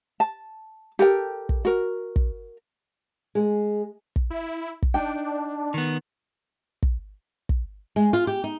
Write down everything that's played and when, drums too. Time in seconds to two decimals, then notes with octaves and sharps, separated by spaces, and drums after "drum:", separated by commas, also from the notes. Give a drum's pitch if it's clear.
0.20 A5
0.99 G4 A4 A#4 G5
1.49 drum: kick
1.65 F#4 A#4
2.16 drum: kick
3.35 G#3
4.16 drum: kick
4.30 E4
4.82 drum: kick
4.94 D4 D#4 G5
5.74 D#3 B3
6.83 drum: kick
7.49 drum: kick
7.96 G#3
8.13 F4
8.27 G4
8.44 D#4